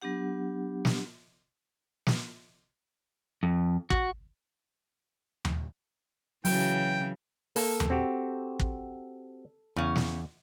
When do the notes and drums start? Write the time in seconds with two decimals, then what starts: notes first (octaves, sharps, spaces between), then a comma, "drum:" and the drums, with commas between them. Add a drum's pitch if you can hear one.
0.02 F#3 B3 D4 G4 F#5
0.85 drum: snare
2.07 drum: snare
3.43 F2
3.90 F#4, drum: kick
5.45 drum: tom D#2
6.45 C#3 E3 F#3 G5, drum: open hi-hat
7.56 A#3 A4, drum: open hi-hat
7.80 drum: tom D#2
7.90 C4 F#4 G4
8.59 drum: kick
9.76 E2 C#3 C#4
9.96 drum: snare